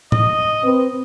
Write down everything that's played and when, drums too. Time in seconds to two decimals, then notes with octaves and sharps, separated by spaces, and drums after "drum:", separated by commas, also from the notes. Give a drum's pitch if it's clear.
0.12 D#5, drum: tom A2
0.62 C4 B4